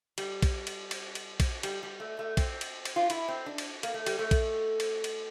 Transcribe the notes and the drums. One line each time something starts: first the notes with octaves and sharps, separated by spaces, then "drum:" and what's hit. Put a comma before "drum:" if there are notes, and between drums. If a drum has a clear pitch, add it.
G3, drum: cymbal
drum: kick A#1, cymbal
drum: cymbal
drum: cymbal
drum: cymbal
drum: kick A#1, cymbal
G3, drum: cymbal
G3
A3
A3
C4, drum: kick A#1, cymbal
drum: cymbal
drum: cymbal
F4
E4, drum: cymbal
C4
D4
drum: cymbal
A#3, drum: cymbal
A3
G3, drum: cymbal
A3
drum: kick A#1, cymbal
drum: cymbal
drum: cymbal